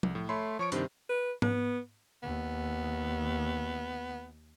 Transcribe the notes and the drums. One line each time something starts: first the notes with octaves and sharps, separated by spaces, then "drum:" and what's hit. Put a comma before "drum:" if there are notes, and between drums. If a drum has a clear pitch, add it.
C2, drum: tom F3
A2
A3 C#5 B5 C6
F3 C#5 C#6 D7
G2 C3 D#3, drum: hi-hat
B4
B3, drum: tom G#2
D#2 B3